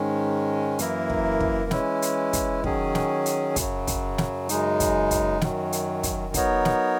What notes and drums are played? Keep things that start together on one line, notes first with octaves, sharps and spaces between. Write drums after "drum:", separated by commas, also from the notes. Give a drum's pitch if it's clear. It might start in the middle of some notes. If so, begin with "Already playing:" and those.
Already playing: G#2 D#3 G#3 C#4
F#2 E3 A#3 E4 A#4, drum: hi-hat
drum: kick
drum: kick
E3 G#3 C#4 E4, drum: snare
drum: hi-hat
drum: kick, hi-hat
D#3 F#3 C#4 G#4, drum: kick
drum: snare
drum: hi-hat
F#2 C#3 F#3, drum: kick, hi-hat
drum: kick, hi-hat
drum: snare
F#2 C#3 G#3 D#4, drum: hi-hat
drum: kick, hi-hat
drum: kick, hi-hat
F#2 D#3 F#3, drum: snare
drum: hi-hat
drum: kick, hi-hat
F#3 B3 D#4 A#4 C#5, drum: kick, hi-hat
drum: snare